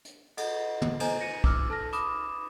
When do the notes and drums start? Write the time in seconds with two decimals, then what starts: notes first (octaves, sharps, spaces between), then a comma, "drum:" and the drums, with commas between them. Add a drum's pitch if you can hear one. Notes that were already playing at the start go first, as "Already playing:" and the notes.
0.05 drum: hi-hat
0.37 A4 D#5 F#5, drum: cymbal
0.82 drum: tom
1.00 A4 C5 D#5 G#5 A#5, drum: cymbal
1.20 A#6 C#7 D#7
1.44 D6 E6 F6, drum: kick
1.70 A4 A5 F6 A#6
1.93 B5 D6 D#6 E7, drum: hi-hat